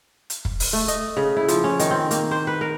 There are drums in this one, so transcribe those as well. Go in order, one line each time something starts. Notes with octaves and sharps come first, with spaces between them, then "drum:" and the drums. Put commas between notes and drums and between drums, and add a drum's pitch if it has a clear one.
drum: hi-hat
drum: kick
drum: open hi-hat
A3
D#5, drum: hi-hat
C#3
E4
F3, drum: hi-hat
C#4
D#3, drum: hi-hat
C4
A#3, drum: hi-hat
C5
B4
A#4